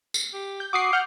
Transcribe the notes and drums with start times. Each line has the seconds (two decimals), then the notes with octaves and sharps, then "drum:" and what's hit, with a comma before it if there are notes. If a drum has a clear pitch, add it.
0.14 drum: tambourine
0.33 G4
0.60 G6
0.73 F#4 D6 D#6 C7
0.93 F#5 F6 G6